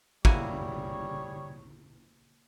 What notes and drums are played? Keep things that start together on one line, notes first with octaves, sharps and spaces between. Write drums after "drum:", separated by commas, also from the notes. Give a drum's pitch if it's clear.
G3 A#3 E4 F#4 G#4 C#5 G#5, drum: kick